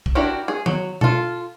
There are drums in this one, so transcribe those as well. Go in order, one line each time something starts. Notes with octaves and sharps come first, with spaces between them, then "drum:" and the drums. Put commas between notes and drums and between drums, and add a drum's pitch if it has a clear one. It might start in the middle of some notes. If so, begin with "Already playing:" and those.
drum: kick
D4 E4 F#4 G4 A#4
G#4
F#3, drum: tom
F4 A4, drum: tom B2